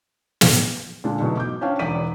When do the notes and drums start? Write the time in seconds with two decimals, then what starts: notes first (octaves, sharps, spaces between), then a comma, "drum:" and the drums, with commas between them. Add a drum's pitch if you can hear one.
0.41 drum: snare
1.04 A#2 D3 G#3 D4
1.21 G#2 B2 E3 F#3 A3
1.37 D6 G6
1.61 C#4 D4 C5 C#5 F5 G5
1.79 E1 D#3 D5 D6 B6 D#7